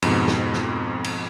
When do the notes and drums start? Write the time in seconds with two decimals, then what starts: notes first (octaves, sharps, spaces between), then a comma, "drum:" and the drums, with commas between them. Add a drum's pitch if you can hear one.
0.02 F2 G#2 B2, drum: cymbal
0.28 drum: snare
0.53 drum: snare
1.04 drum: cymbal